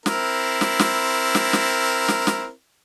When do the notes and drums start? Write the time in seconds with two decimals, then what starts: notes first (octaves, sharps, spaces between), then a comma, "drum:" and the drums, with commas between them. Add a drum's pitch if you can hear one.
0.06 C4 E4 A#4, drum: snare
0.61 drum: snare
0.79 drum: snare
1.35 drum: snare
1.53 drum: snare
2.08 drum: snare
2.27 drum: snare